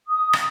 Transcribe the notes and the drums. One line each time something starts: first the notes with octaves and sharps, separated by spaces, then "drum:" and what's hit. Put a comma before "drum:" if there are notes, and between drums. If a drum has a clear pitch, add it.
D#6
drum: rim click